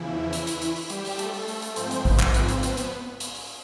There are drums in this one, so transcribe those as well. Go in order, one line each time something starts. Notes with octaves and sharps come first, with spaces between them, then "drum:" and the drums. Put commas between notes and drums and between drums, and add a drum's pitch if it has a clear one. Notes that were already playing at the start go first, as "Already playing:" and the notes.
Already playing: E2 C#3 E3 F3 E4
drum: hi-hat
drum: hi-hat
drum: hi-hat
drum: open hi-hat
G3 G4, drum: hi-hat
drum: open hi-hat
A3 A4, drum: hi-hat
drum: open hi-hat
A3 A4, drum: open hi-hat
drum: hi-hat
G#2 F3 C4 C5, drum: hi-hat
drum: hi-hat
B3 B4, drum: kick A1, open hi-hat
drum: clap
C4 C5, drum: hi-hat
drum: hi-hat
B3 B4, drum: hi-hat
drum: hi-hat
drum: hi-hat
drum: open hi-hat